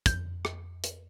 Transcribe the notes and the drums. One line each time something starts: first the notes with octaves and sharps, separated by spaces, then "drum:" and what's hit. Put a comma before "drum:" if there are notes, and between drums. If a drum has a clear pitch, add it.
F2 G6, drum: kick, hi-hat
drum: rim click
drum: hi-hat